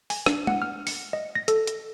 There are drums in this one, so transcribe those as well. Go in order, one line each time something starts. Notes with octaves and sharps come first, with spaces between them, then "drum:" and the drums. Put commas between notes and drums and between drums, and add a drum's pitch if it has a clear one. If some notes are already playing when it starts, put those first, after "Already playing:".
G#5, drum: open hi-hat
D4, drum: rim click
F#5, drum: tom G#3
F6
C#7, drum: open hi-hat
D#5
A#6
A4, drum: hi-hat
drum: hi-hat